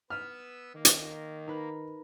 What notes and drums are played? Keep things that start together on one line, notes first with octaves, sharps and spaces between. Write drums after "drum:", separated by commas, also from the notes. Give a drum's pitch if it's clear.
B3 B4 E6 F6
D#3 A#3
drum: hi-hat
D#4 A#4 B4